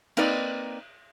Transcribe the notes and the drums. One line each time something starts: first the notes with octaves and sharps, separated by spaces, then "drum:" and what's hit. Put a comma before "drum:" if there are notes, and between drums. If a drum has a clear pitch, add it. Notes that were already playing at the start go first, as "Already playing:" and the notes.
A#3 C4 D#4 B4 D5 D#5, drum: cymbal